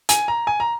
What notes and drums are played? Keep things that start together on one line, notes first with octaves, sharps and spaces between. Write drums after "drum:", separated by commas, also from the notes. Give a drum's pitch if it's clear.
G#5, drum: hi-hat
A#5
G#5
A#5